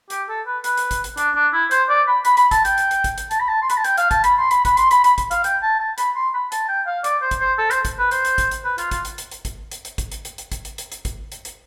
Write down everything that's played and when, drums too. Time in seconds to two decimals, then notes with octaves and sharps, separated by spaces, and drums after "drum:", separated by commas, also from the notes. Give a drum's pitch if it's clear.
0.10 G4, drum: hi-hat
0.29 A4
0.46 B4
0.64 B4, drum: hi-hat
0.77 drum: hi-hat
0.91 drum: kick A1, hi-hat
1.04 drum: hi-hat
1.17 D4, drum: hi-hat
1.35 D4
1.53 E4
1.71 C5, drum: hi-hat
1.89 D5
2.07 B5
2.25 B5, drum: hi-hat
2.37 B5, drum: hi-hat
2.51 A5, drum: kick A1, hi-hat
2.65 G5, drum: hi-hat
2.78 drum: hi-hat
2.91 drum: hi-hat
3.04 drum: kick A1, hi-hat
3.18 drum: hi-hat
3.31 A5, drum: hi-hat
3.40 B5
3.48 A5
3.62 C6
3.70 B5, drum: hi-hat
3.77 A5
3.84 G5, drum: hi-hat
3.98 F5, drum: hi-hat
4.11 A5, drum: kick A1, hi-hat
4.24 B5, drum: hi-hat
4.38 C6
4.51 B5, drum: hi-hat
4.65 B5, drum: kick A1, hi-hat
4.77 C6, drum: hi-hat
4.91 B5, drum: hi-hat
5.04 B5, drum: hi-hat
5.18 drum: kick A1, hi-hat
5.31 F5, drum: hi-hat
5.44 G5, drum: hi-hat
5.63 A5
5.80 A5
5.98 B5, drum: hi-hat
6.16 C6
6.34 B5
6.52 A5, drum: hi-hat
6.69 G5
6.87 F5
7.04 D5, drum: hi-hat
7.22 C5
7.31 drum: kick A1, hi-hat
7.40 C5
7.58 A4
7.71 C5, drum: hi-hat
7.85 drum: kick A1, hi-hat
7.98 B4
8.11 C5, drum: hi-hat
8.25 drum: hi-hat
8.38 drum: kick A1, hi-hat
8.51 drum: hi-hat
8.65 B4
8.78 F4, drum: hi-hat
8.91 F4, drum: kick A1, hi-hat
9.05 drum: hi-hat
9.18 drum: hi-hat
9.31 drum: hi-hat
9.45 drum: kick A1, hi-hat
9.72 drum: hi-hat
9.85 drum: hi-hat
9.98 drum: kick A1, hi-hat
10.12 drum: hi-hat
10.25 drum: hi-hat
10.38 drum: hi-hat
10.52 drum: kick A1, hi-hat
10.65 drum: hi-hat
10.78 drum: hi-hat
10.92 drum: hi-hat
11.05 drum: kick A1, hi-hat
11.32 drum: hi-hat
11.45 drum: hi-hat